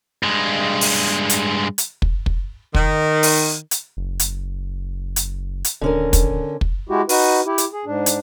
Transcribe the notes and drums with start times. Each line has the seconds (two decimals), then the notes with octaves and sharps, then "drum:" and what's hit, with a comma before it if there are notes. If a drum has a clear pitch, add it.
0.23 G2 G#3
0.81 drum: open hi-hat
1.30 drum: hi-hat
1.78 drum: hi-hat
2.02 drum: kick
2.26 drum: kick
2.75 D#3, drum: kick
3.23 drum: open hi-hat
3.71 drum: hi-hat
3.97 F#1
4.20 drum: hi-hat
5.16 drum: hi-hat
5.65 drum: hi-hat
5.81 D#1 D3 C#4 A#4
6.13 drum: kick, hi-hat
6.61 drum: kick
6.89 G#3 E4 F#4 G4
7.09 D#4 F#4 B4, drum: open hi-hat
7.46 E4 G4
7.58 drum: hi-hat
7.73 G#4
7.85 G#2 D4
8.06 drum: hi-hat